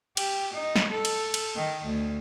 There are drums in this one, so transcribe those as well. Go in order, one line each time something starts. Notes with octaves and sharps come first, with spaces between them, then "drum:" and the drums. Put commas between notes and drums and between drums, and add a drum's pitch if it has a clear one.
G4, drum: cymbal
D#4
drum: snare
A4
drum: cymbal
drum: cymbal
D#3
D2